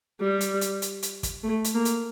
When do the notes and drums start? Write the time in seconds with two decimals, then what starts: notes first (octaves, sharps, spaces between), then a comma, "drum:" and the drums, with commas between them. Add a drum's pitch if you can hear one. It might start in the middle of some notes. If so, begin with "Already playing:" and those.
0.20 G3
0.41 drum: hi-hat
0.61 drum: hi-hat
0.82 drum: hi-hat
1.03 drum: hi-hat
1.23 drum: kick, hi-hat
1.43 A3
1.64 drum: hi-hat
1.75 A#3
1.85 drum: hi-hat